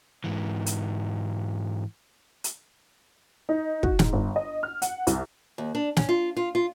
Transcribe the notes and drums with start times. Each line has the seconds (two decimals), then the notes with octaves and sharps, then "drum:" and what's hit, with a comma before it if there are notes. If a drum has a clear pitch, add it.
0.24 G#2 E3
0.66 drum: hi-hat
2.44 drum: hi-hat
3.49 D#4
3.83 F#4, drum: kick
3.99 G#2, drum: snare
4.13 G1
4.36 D#5
4.63 F6
4.82 F#5, drum: hi-hat
5.07 C2, drum: hi-hat
5.58 D#2
5.75 D4
5.97 C#4, drum: snare
6.09 F4
6.37 F4
6.55 F4